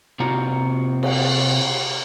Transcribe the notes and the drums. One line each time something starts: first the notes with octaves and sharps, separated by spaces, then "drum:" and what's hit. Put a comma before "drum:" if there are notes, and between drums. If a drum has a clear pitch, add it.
C3 C4 F4 F#4 A#5
drum: cymbal